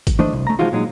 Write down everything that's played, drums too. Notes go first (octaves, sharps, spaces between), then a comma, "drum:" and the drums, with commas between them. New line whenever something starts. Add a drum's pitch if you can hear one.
drum: kick G#1, hi-hat
E3 A3 D4 C5 D#5
C2
A3 A#5
E3 F3 G#3 D#4 F4 F#4
A#2 F#3 G#3 C#4 D#4